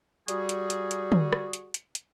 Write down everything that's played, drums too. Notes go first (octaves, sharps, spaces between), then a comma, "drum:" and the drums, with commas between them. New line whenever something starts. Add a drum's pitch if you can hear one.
G3 F#4 G#4, drum: hi-hat
drum: hi-hat
drum: hi-hat
drum: hi-hat
drum: tom
drum: rim click
drum: hi-hat
drum: hi-hat
drum: hi-hat